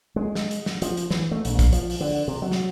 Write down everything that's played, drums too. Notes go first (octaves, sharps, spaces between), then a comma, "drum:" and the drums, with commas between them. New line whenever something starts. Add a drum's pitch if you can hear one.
G#3
drum: snare
drum: hi-hat
drum: snare
F3, drum: hi-hat
drum: hi-hat
E3, drum: snare
A3
A#1, drum: hi-hat
drum: kick, hi-hat
F3, drum: hi-hat
drum: open hi-hat
D3
C3
F#3
drum: snare